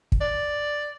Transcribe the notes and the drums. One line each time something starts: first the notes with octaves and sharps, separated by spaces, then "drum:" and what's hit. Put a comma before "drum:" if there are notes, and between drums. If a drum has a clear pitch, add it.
drum: kick
D5